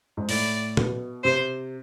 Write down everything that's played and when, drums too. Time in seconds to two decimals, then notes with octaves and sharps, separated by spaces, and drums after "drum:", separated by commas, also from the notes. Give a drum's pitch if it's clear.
0.17 G#2
0.29 A2 D5, drum: open hi-hat
0.77 B2, drum: tom A#2
1.24 C3 C5